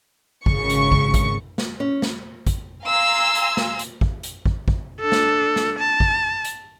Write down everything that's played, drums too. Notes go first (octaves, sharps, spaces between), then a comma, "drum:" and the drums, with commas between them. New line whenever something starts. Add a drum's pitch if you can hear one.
G#1 C#3 C#6, drum: kick
drum: hi-hat
drum: kick
drum: kick, hi-hat
drum: snare
C#4
drum: snare
drum: kick, hi-hat
F5 G#5 A#5 C6 E6
drum: hi-hat
drum: snare
drum: hi-hat
drum: kick
drum: hi-hat
drum: kick
drum: kick
D4 A4
drum: snare
drum: snare
A5
drum: kick
drum: hi-hat